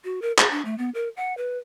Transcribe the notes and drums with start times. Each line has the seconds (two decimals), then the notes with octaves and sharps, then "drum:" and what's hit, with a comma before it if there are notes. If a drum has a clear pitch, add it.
0.04 F#4
0.22 A#4
0.38 G#4, drum: clap
0.51 D4
0.65 A3
0.78 B3
0.95 A#4
1.17 F#5
1.37 B4